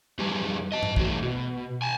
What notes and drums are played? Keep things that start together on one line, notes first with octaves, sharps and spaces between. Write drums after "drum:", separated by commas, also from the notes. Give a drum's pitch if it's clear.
F2 E3 G3 G#4 B4 A5
D#5 A5
drum: tom G2
E3 A3 F#4, drum: kick
B2
G#5 A5